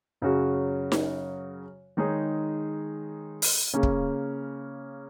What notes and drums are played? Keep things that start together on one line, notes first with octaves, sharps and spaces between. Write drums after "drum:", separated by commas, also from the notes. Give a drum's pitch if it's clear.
F#2 C#3 F#3 C#4 F#4
drum: snare D#4
D#3 G#3 D#4 G#4 C#5
drum: open hi-hat
C#3 A#3 C#4
drum: kick